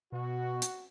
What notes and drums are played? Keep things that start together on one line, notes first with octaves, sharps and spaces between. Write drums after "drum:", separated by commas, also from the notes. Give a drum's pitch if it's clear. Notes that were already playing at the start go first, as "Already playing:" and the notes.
B2 F#4
drum: hi-hat